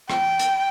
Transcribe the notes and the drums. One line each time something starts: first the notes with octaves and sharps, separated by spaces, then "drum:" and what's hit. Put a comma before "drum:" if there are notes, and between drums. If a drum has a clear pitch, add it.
G5, drum: rim click
drum: hi-hat